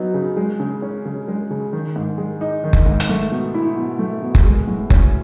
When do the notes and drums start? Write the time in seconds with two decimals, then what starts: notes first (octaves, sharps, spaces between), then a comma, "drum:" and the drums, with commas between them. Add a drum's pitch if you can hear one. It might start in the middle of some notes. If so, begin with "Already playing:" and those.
Already playing: F#3 B3 D#4
0.14 C#3
0.37 G#3
0.60 C#3
0.82 C#4
1.05 C#3
1.28 G#3
1.51 C#3
1.73 D#3
1.96 G#2
2.18 G#3
2.41 D#4
2.64 D#3
2.73 drum: kick F#1
2.86 G#2
3.00 drum: hi-hat
3.09 A3
3.32 B2
3.54 E4
3.77 B2
3.99 A3
4.22 B2
4.35 drum: kick F#1
4.45 G#3
4.68 A2
4.90 C#4, drum: kick F#1